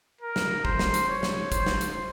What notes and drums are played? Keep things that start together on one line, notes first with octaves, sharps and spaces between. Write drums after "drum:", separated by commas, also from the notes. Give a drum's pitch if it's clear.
A#4
drum: snare
C5, drum: kick
drum: snare
drum: hi-hat
C#5
drum: snare
C5, drum: kick, hi-hat
drum: snare
drum: hi-hat